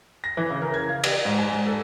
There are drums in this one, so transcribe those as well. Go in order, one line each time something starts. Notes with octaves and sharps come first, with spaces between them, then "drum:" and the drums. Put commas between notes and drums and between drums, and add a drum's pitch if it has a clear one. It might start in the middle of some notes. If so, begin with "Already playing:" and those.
A#6
E3
C#3
A#4
G#6
F5
G4, drum: cymbal
G#2
G#5
G#2
A4